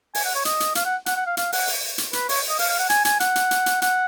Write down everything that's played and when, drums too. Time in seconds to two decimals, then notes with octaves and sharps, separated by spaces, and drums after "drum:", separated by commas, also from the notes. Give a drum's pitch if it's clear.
0.15 G#5, drum: open hi-hat
0.25 F#5
0.35 C#5
0.45 D#5, drum: hi-hat
0.60 drum: hi-hat
0.75 F5, drum: hi-hat
0.85 F#5
1.06 F#5, drum: hi-hat
1.16 F#5
1.26 F5
1.37 F5, drum: hi-hat
1.52 F#5, drum: open hi-hat
1.67 drum: open hi-hat
1.98 drum: hi-hat
2.13 B4, drum: hi-hat
2.29 C#5, drum: open hi-hat
2.49 D#5
2.59 F5, drum: open hi-hat
2.69 F5
2.79 F#5
2.90 G#5, drum: hi-hat
3.05 G#5, drum: hi-hat
3.20 F#5, drum: hi-hat
3.36 drum: hi-hat
3.51 drum: hi-hat
3.66 drum: hi-hat
3.82 F#5, drum: hi-hat